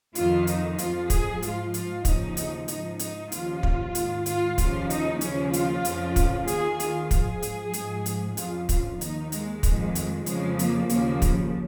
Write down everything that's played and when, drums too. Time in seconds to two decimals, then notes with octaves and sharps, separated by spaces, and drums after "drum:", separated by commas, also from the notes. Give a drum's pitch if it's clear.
0.15 F2 D#3 F4, drum: hi-hat
0.47 D#4, drum: hi-hat
0.79 F2 F3 F4, drum: hi-hat
1.10 G#4, drum: kick, hi-hat
1.42 G#2 F3 F4, drum: hi-hat
1.74 F4, drum: hi-hat
2.05 D#2 C#3 F3 D#4, drum: kick, hi-hat
2.37 drum: hi-hat
2.68 G#2 F3 D#4, drum: hi-hat
2.99 D#4, drum: hi-hat
3.32 D#2 C#3 F3 F4, drum: hi-hat
3.63 drum: kick
3.95 G#2 D#3, drum: hi-hat
4.26 F4, drum: hi-hat
4.58 D#2 C#3 F3 F4, drum: kick, hi-hat
4.90 D#4, drum: hi-hat
5.21 D#2 C#3 F3 C#4, drum: hi-hat
5.53 F4, drum: hi-hat
5.85 F2 C#3 F3, drum: hi-hat
6.16 drum: kick, hi-hat
6.48 D#2 D#3 G#4, drum: hi-hat
6.80 F4, drum: hi-hat
7.11 G#2 F3 G#4, drum: kick, hi-hat
7.42 drum: hi-hat
7.73 G#2 F3, drum: hi-hat
8.06 drum: hi-hat
8.37 F2 C#3 F3 F4, drum: hi-hat
8.69 F4, drum: kick, hi-hat
9.01 D#2 D#3 D#4, drum: hi-hat
9.32 G#3, drum: hi-hat
9.63 F2 D#3, drum: kick, hi-hat
9.95 drum: hi-hat
10.26 F2 C#3 F3 G#3, drum: hi-hat
10.59 A#3, drum: hi-hat
10.90 D#2 C#3 F3 A#3, drum: hi-hat
11.22 drum: kick, hi-hat